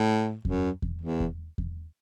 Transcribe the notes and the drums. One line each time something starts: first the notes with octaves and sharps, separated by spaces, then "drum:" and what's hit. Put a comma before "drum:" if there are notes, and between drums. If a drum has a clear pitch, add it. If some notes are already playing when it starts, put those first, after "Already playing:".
Already playing: A2
F#2, drum: kick E2
drum: kick E2
E2
drum: kick E2
drum: kick E2